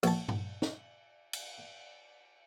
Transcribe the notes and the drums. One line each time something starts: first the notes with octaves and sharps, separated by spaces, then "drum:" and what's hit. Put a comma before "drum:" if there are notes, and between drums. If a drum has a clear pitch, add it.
A#1 A5, drum: cymbal
drum: tom G2
drum: snare
drum: cymbal